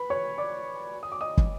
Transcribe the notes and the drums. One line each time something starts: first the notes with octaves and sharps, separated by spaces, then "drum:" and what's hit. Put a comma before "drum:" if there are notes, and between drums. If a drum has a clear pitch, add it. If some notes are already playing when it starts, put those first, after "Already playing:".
Already playing: B4 B5
C#5 C#6
D5 D6
D#6
D6
D#5 D#6
drum: kick